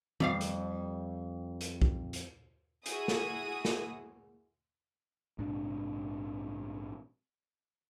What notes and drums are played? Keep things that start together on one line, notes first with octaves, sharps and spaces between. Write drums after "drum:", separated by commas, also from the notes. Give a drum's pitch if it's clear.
F2 G3 F5, drum: tom D#3
drum: hi-hat
drum: hi-hat
drum: kick B1
drum: hi-hat
E4 F#4 G#4 D#6, drum: hi-hat
drum: snare
drum: snare
A#1 G#2 C3 D4